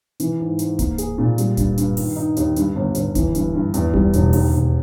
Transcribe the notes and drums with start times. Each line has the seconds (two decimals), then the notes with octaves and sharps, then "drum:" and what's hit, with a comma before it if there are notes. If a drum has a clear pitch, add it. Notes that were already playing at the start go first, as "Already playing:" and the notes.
0.20 E3, drum: hi-hat
0.40 G#2
0.59 G#2, drum: hi-hat
0.79 A#3, drum: kick D1, hi-hat
0.98 G#4, drum: hi-hat
1.18 A#2
1.38 G3, drum: hi-hat
1.57 G2, drum: kick D1, hi-hat
1.78 G2, drum: hi-hat
1.97 D#3, drum: open hi-hat
2.16 D#4
2.37 D#2, drum: hi-hat
2.56 G2, drum: hi-hat
2.76 G1
2.95 G1, drum: hi-hat
3.15 E3, drum: kick D1, hi-hat
3.35 G2, drum: hi-hat
3.54 G2
3.74 E2, drum: hi-hat
3.94 G3, drum: kick D1
4.13 E1, drum: hi-hat
4.33 D#2, drum: open hi-hat
4.52 E1